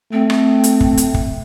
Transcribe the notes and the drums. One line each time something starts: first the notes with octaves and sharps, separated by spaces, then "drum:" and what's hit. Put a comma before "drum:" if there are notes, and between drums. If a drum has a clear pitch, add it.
A3 C4
drum: rim click
drum: hi-hat
drum: kick
drum: hi-hat
drum: kick